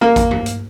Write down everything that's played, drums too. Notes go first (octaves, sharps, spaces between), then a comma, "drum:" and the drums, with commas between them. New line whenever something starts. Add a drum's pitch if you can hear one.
A#3
drum: kick A1, hi-hat
drum: tom G2
drum: hi-hat